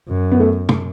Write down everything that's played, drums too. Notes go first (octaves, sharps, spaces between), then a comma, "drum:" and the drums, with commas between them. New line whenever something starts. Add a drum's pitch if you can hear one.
F#2
B3
A3
drum: tom